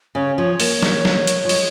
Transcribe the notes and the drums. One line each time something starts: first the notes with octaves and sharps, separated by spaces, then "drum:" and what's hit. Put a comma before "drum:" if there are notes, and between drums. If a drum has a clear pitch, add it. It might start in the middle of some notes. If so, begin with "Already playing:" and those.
C#3 C#5
F3 C#5
A#3, drum: open hi-hat
drum: snare
drum: snare
drum: hi-hat
F3
G#3, drum: open hi-hat